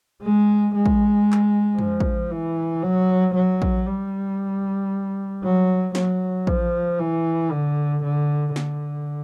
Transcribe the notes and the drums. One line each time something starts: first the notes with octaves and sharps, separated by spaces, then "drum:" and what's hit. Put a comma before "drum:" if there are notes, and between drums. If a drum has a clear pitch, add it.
G#3
G#3
drum: kick
drum: clap
F3, drum: tom
drum: kick
E3
F#3
F#3
drum: kick
G3
F#3
F#3, drum: snare
F3, drum: kick
E3
D3
D3
D3, drum: snare